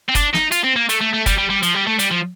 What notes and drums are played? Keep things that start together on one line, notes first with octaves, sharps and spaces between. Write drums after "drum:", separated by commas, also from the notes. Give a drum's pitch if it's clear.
C4
D4, drum: kick, hi-hat
D#4, drum: snare
F4, drum: hi-hat
C4
A#3
A3, drum: hi-hat
A3
A3
G3, drum: kick, hi-hat
G3
G3
F3, drum: hi-hat
G3
A3
G3, drum: hi-hat
F3